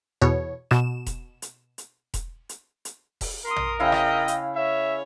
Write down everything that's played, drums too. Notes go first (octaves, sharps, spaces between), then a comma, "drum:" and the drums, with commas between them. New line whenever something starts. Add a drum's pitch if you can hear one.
E2 B2 C#5
B2 E7, drum: rim click
drum: kick E1, hi-hat
drum: hi-hat
drum: hi-hat
drum: kick E1, hi-hat
drum: hi-hat
drum: hi-hat
drum: kick E1, open hi-hat
A#4 C6 D#6
drum: tom A#1
C#3 E4 D#5 F5 G5
drum: rim click
drum: hi-hat
C#5 E5